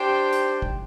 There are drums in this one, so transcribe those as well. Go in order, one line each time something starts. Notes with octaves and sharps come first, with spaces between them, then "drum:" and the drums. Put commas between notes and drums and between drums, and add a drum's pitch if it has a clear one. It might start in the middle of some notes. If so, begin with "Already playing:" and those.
Already playing: D4 G4 C5 G5
drum: hi-hat
drum: kick